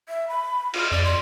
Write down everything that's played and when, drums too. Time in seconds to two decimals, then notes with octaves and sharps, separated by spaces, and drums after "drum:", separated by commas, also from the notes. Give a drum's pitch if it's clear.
0.09 E5
0.28 B5
0.74 F4, drum: cymbal
0.91 F2 D5
1.04 C6